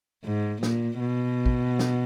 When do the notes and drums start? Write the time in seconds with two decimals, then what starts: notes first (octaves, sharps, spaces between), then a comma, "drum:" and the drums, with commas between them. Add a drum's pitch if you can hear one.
0.25 G#2
0.63 A#2, drum: snare
1.00 B2
1.46 drum: kick
1.79 drum: snare